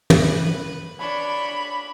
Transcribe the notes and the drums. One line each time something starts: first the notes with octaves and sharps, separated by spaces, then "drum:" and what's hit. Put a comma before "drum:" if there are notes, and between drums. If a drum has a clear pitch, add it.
drum: tom
B4
D4 C#5 B5